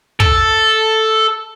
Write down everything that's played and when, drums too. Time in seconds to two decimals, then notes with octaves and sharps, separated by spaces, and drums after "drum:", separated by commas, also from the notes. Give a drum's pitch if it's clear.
0.20 A4, drum: kick